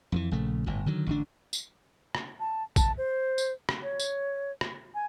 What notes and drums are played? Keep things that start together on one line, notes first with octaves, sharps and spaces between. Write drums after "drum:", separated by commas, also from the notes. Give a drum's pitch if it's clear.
F2 D#3 E3
A#1 C#3 A3
G1 A2
D3 D#3 F#3
A1 D3 D4
drum: tambourine
drum: rim click
A5
A5, drum: kick, tambourine
C5
drum: tambourine
drum: rim click
C#5
drum: tambourine
drum: rim click
G#5